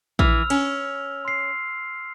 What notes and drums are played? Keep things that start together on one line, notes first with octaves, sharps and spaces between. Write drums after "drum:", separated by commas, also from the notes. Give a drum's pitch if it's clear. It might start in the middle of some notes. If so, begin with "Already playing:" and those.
E3 E6 F6 F7, drum: kick A#1
C#4, drum: cymbal
C6 C7